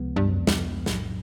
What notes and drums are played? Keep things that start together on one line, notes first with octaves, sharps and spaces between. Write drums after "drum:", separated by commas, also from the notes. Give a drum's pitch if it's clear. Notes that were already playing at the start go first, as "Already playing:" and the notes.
Already playing: C#2 C3 F3 G#3 B3
G2
F#2
F2
E2, drum: snare
F2
B1 A2 F#3, drum: snare